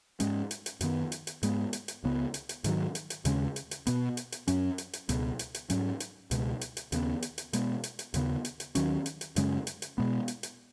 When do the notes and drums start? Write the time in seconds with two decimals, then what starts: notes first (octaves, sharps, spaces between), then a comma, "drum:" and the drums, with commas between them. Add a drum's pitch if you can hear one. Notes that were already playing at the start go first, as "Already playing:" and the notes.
0.20 G#2 G#3 C#4, drum: hi-hat
0.51 drum: hi-hat
0.66 drum: hi-hat
0.81 F#2 D#3 B3, drum: hi-hat
1.12 drum: hi-hat
1.27 drum: hi-hat
1.43 G#2 G#3 B3, drum: hi-hat
1.73 drum: hi-hat
1.88 drum: hi-hat
2.04 C#2 C#3 B3
2.34 drum: hi-hat
2.49 drum: hi-hat
2.64 G#2 D#3 F#3, drum: hi-hat
2.95 drum: hi-hat
3.10 drum: hi-hat
3.25 D#2 C#3 G#3 C#4, drum: hi-hat
3.56 drum: hi-hat
3.71 drum: hi-hat
3.87 B2 B3, drum: hi-hat
4.17 drum: hi-hat
4.32 drum: hi-hat
4.48 F#2 F#3 C#4, drum: hi-hat
4.78 drum: hi-hat
4.93 drum: hi-hat
5.09 C#2 B2 B3, drum: hi-hat
5.39 drum: hi-hat
5.54 drum: hi-hat
5.70 G#2 F#3 C#4, drum: hi-hat
6.00 drum: hi-hat
6.31 C#2 B2 G#3, drum: hi-hat
6.61 drum: hi-hat
6.77 drum: hi-hat
6.92 D#2 C#3 G#3 B3, drum: hi-hat
7.22 drum: hi-hat
7.38 drum: hi-hat
7.53 B2 G#3 B3, drum: hi-hat
7.84 drum: hi-hat
7.99 drum: hi-hat
8.14 D#2 C#3 B3, drum: hi-hat
8.45 drum: hi-hat
8.60 drum: hi-hat
8.75 D#2 D#3 F#3 C#4, drum: hi-hat
9.06 drum: hi-hat
9.21 drum: hi-hat
9.36 F#2 C#3 G#3 C#4, drum: hi-hat
9.67 drum: hi-hat
9.82 drum: hi-hat
9.98 B2 G#3 B3
10.28 drum: hi-hat
10.43 drum: hi-hat